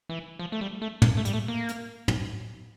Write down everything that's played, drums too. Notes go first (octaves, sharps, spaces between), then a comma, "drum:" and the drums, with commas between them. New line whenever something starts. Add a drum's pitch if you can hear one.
E3
F3
A3
G3
A3
A#3, drum: tom
A3
G3, drum: hi-hat
A3
A#3
drum: hi-hat
drum: tom